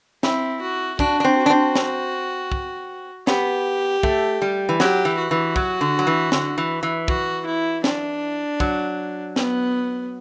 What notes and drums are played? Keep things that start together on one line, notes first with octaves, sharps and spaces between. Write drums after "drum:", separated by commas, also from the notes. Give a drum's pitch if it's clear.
C4 E4, drum: snare
F#4
D4 F#4, drum: kick
D4
C4
F#4
D4
C4
drum: snare
drum: kick
B3 G4, drum: snare
A3, drum: kick
G3
E3
F#3 G4, drum: snare
E3
F#4
E3
F#3, drum: kick
D3
F#3
E3
D3, drum: snare
E3
E3
F#4, drum: kick
E4
D4, drum: snare
F#3, drum: kick
B3, drum: snare